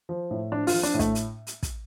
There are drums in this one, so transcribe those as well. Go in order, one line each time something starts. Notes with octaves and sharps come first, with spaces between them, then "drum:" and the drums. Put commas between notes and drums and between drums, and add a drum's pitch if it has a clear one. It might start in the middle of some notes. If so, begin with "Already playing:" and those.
F3
A2
F3 D4
F4, drum: open hi-hat
F3
D4, drum: hi-hat
A2
A3, drum: kick, hi-hat
drum: hi-hat
drum: hi-hat
drum: kick, hi-hat